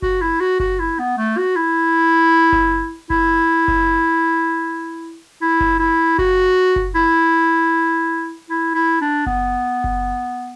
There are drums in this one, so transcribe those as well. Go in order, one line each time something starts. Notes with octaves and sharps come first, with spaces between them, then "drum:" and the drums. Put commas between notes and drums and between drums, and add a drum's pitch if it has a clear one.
F#4, drum: kick F#1
E4
F#4
F#4, drum: kick F#1
E4
B3
A3
F#4
E4
drum: kick F#1
E4, drum: kick F#1
drum: kick F#1
E4
drum: kick F#1
E4
F#4, drum: kick F#1
drum: kick F#1
E4
E4
E4
D4
B3, drum: kick F#1
drum: kick F#1